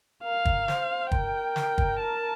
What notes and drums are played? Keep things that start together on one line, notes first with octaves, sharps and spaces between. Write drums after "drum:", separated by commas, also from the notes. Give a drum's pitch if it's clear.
A#4 F5
drum: kick
C5, drum: snare
A#4 G5, drum: kick
drum: snare
drum: kick
A5